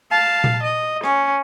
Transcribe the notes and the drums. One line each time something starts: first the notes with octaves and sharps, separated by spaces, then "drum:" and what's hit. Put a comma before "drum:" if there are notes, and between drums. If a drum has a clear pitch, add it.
F5 A5
drum: tom A#2
D#5
C#4, drum: rim click